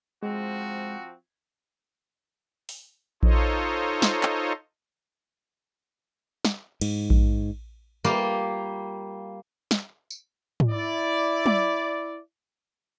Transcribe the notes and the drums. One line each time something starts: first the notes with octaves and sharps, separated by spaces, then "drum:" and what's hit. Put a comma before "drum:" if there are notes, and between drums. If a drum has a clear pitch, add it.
F3 G#3 C4 F#4
drum: open hi-hat
D#4 F4 A4 C5 C#5 D#5, drum: kick A#1
drum: snare
drum: clap
drum: snare
G#2, drum: cymbal
drum: kick A#1
G3 A#3 F4 G4, drum: tambourine
drum: snare
drum: tambourine
drum: tom
E4 D5
drum: tom